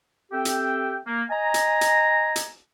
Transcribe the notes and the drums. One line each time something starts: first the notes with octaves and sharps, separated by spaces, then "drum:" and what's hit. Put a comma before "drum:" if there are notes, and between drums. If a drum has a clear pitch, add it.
C4 G4 A4 E5 G5
drum: hi-hat
A#3
D#5 G#5 A#5
drum: hi-hat
drum: hi-hat
drum: hi-hat